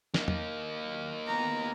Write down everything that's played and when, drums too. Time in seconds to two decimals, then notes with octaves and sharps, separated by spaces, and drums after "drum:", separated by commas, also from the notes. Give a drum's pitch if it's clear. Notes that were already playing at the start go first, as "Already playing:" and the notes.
0.14 A#3 D#4, drum: snare
0.28 drum: tom E2
0.81 F#3
1.27 B3 A#5